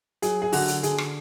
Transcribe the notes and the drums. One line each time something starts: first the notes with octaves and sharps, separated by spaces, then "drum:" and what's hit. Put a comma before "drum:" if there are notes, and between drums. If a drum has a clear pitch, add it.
F#3 G#4, drum: hi-hat
G#4
D3 F#4, drum: open hi-hat
drum: hi-hat
D3 G#4, drum: hi-hat
drum: rim click